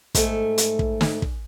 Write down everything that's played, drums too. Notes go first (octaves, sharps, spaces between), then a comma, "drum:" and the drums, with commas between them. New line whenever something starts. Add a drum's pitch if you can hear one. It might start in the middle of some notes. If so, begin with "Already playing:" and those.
G#2 A3, drum: kick, hi-hat
drum: hi-hat
drum: kick
drum: snare
drum: kick